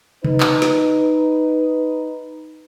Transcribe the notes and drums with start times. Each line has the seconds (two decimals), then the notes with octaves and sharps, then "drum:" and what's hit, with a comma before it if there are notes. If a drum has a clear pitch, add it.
0.24 D#4 B4, drum: tom C3
0.40 drum: clap
0.62 drum: snare